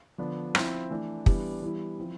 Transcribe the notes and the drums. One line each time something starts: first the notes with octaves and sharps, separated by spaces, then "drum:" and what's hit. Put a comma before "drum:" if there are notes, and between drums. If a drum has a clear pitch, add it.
D3 F3 B3 D4
F3 C4 E4, drum: rim click
E3 A3 D4
E3 G3 B3 D4, drum: kick
E3 G3 B3 E4
F3 C4 E4